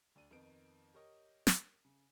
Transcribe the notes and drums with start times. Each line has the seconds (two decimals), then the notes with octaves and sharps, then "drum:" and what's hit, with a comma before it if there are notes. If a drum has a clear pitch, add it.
0.15 D2 D4 D#7
0.31 F2 D#3 B3 D7
0.94 G4 A#4 C#5 D#5
1.47 drum: snare
1.85 C#3